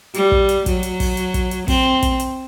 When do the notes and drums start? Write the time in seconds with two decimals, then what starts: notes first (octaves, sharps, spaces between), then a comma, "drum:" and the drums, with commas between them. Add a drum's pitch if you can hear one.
0.14 G3, drum: hi-hat
0.32 drum: kick
0.49 drum: hi-hat
0.66 F#3, drum: kick, hi-hat
0.83 drum: hi-hat
1.00 drum: kick, open hi-hat
1.17 drum: hi-hat
1.34 drum: kick, hi-hat
1.51 drum: hi-hat
1.68 C4, drum: kick, open hi-hat
2.03 drum: kick, hi-hat
2.20 drum: hi-hat